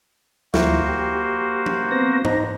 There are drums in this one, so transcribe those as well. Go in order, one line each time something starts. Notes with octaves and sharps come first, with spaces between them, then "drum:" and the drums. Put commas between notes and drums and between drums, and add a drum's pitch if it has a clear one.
D2 F3 A#3 E4 F#4 C5, drum: snare
G4
drum: tom F3
B3 C4 A#6
D#4 C5 A#5, drum: tom G#2